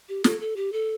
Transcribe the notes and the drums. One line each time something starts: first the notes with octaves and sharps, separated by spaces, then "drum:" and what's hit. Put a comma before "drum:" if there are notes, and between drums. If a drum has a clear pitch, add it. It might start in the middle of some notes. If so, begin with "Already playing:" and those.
G4
A4, drum: snare
A4
G4
A4